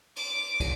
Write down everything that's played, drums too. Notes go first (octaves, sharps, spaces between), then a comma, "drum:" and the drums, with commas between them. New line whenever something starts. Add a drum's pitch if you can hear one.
D6, drum: cymbal
drum: kick, cymbal